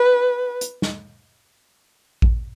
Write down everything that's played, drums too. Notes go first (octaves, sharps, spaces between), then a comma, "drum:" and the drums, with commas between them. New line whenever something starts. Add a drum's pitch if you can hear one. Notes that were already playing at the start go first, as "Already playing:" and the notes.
Already playing: B4
drum: hi-hat
drum: snare
drum: kick